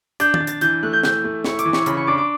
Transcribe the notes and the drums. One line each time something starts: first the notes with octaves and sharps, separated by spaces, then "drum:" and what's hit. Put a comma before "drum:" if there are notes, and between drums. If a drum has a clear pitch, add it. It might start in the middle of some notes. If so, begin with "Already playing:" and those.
D4 G6, drum: hi-hat
A6, drum: tom D#3
D4
A6, drum: hi-hat
E3 G6, drum: hi-hat
A3 F#6
G6
E3 G6, drum: snare
A3
E4 C#6, drum: snare
D6, drum: hi-hat
E3
C#6, drum: snare
C#3 B5, drum: hi-hat
C#6
D4 D6
D6